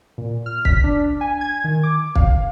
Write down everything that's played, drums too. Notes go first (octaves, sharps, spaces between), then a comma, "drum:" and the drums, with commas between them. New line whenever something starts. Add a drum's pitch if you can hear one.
A#2
F6
B6, drum: kick
D4
G#5
G#6
D#3
D6
F5, drum: kick